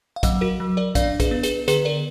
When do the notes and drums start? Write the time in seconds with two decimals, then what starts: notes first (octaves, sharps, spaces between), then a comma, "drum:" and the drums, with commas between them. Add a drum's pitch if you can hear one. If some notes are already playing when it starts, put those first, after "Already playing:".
0.16 F5
0.23 F#3 D#5 F#5, drum: kick, hi-hat
0.41 F#4 A#4
0.60 F#3
0.77 A#4 D5
0.95 D4 D5 F5, drum: kick, hi-hat
1.20 G#4 B4, drum: kick, hi-hat
1.31 B3
1.43 G#4 B4, drum: hi-hat
1.68 D3 G#4 B4, drum: hi-hat
1.85 A#4 D5